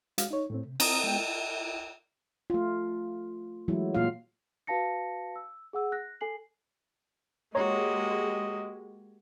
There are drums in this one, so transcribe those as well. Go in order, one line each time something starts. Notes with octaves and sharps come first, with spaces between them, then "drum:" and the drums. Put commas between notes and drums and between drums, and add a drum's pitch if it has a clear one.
G#3 F#4 F5, drum: hi-hat
D#4 C#5
A2 A3 C4
C3
C4 A#5 D#6, drum: cymbal
G#3 B3 G5
A3 F4
E3 F#3 G#3 A3 E4
A#2 E3 A#3 F4 F5
F#4 B4 F5 A5 A#6 C#7
E6
G#4 F#5 E6
F#6 A#6
A4 G#5 C7 F#7
G#3 A#3 F#4 G4 C#5 D#5 A#5